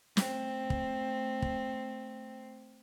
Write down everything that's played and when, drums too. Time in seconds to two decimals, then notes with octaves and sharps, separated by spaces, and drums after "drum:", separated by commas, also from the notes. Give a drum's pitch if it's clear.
0.17 A3 C4, drum: snare
0.70 drum: kick
1.42 drum: kick